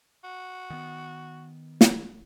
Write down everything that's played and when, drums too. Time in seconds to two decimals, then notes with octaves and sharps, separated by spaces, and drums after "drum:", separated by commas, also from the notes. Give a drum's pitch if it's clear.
0.24 F#4
0.70 D#3 B3
1.81 drum: snare